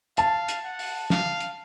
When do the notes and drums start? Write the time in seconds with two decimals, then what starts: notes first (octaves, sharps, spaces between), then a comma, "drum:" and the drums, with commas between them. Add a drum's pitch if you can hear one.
0.17 F5 A5, drum: hi-hat
0.48 drum: hi-hat
0.64 F#5
0.79 drum: open hi-hat
1.10 F5, drum: snare
1.40 drum: hi-hat